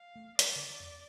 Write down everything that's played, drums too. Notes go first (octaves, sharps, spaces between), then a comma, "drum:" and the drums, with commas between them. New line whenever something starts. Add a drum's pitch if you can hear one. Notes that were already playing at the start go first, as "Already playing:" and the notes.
Already playing: F5
A3
G3 D5, drum: hi-hat
D3
F2